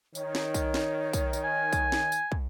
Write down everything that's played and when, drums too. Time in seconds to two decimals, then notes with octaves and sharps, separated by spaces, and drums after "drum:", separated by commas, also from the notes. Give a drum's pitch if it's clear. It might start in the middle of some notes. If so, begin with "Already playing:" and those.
0.15 D#3 C#5, drum: tambourine
0.35 drum: snare
0.54 drum: kick, tambourine
0.74 drum: snare
1.13 drum: kick, tambourine
1.33 drum: tambourine
1.44 G#5
1.73 drum: kick, tambourine
1.92 drum: snare
2.12 drum: tambourine
2.32 drum: kick